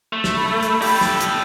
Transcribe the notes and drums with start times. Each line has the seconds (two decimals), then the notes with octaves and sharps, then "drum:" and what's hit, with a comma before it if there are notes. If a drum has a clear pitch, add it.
0.13 A3
0.24 drum: snare
0.36 B5
0.63 drum: hi-hat
0.82 G4 A4, drum: open hi-hat
1.01 drum: snare
1.21 drum: hi-hat